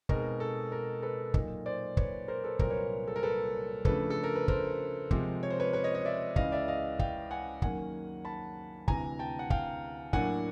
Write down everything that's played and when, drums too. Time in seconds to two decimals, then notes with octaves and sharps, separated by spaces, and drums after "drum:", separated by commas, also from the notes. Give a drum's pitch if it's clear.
0.09 B2 G#3 C4 D#4 A#4, drum: kick
0.40 A4
0.72 A#4
1.02 A4 B4
1.34 A#2 F#3 A#3 D#4, drum: kick
1.66 C5 D5
1.97 B4 C#5, drum: kick
2.28 A#4 C5
2.44 A4 B4
2.59 C2 A#2 F#3 A#3 A#4 C5, drum: kick
2.70 B4 C#5
3.08 A4
3.16 A#4
3.23 A4 B4
3.85 C#3 F3 A3 D4 A4 B4, drum: kick
4.10 A4
4.24 A#4
4.36 B4
4.48 A#4 C5, drum: kick
5.11 C3 F3 G#3, drum: kick
5.43 C#5
5.50 C5
5.60 B4 C#5
5.73 B4 C#5
5.84 C#5 D#5
5.94 C#5 D#5
6.05 D5 E5
6.36 C#2 C#3 E3 D#5 F5, drum: kick
6.52 D5 E5
6.68 D#5 F5
6.99 F5 G5, drum: kick
7.31 F#5 G#5
7.62 F#2 D#3 F#3 A#3 C#4 F#5 G#5, drum: kick
8.25 A5 B5
8.88 D2 C3 E3 G#5 A#5, drum: kick
9.19 G5 A5
9.39 F#5
9.50 F5 G5, drum: kick
10.13 A2 F#3 A#3 D4 F#5 G#5, drum: kick